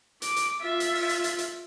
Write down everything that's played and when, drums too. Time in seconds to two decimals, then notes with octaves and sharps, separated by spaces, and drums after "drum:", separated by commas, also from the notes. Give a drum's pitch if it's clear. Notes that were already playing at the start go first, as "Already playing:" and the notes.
0.22 D6, drum: hi-hat
0.36 drum: hi-hat
0.60 F4 E5
0.80 drum: hi-hat
0.95 drum: open hi-hat
1.09 drum: hi-hat
1.24 drum: hi-hat
1.38 drum: hi-hat